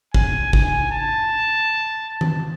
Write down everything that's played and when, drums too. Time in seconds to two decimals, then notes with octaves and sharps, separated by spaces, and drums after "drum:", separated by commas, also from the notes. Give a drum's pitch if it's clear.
0.14 G#5, drum: kick
0.53 G#5, drum: kick
0.92 A5
2.21 drum: tom D#3